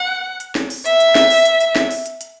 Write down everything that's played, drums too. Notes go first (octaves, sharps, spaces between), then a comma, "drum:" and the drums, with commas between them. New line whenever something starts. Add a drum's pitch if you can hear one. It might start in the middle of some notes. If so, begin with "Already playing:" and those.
Already playing: F#5
drum: hi-hat
drum: snare
drum: open hi-hat
E5, drum: hi-hat
drum: hi-hat
drum: snare
drum: open hi-hat
drum: hi-hat
drum: hi-hat
drum: snare
drum: open hi-hat
drum: hi-hat
drum: hi-hat